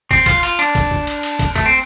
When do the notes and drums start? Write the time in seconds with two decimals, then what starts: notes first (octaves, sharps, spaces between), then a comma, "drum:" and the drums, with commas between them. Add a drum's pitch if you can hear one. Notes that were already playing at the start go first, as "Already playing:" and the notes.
0.11 C4, drum: kick, cymbal
0.26 F4, drum: kick, cymbal
0.43 F4, drum: cymbal
0.59 D4, drum: cymbal
0.75 drum: kick, cymbal
0.91 drum: kick
1.07 drum: cymbal
1.23 drum: cymbal
1.39 drum: kick, cymbal
1.56 A3, drum: kick, cymbal
1.66 C4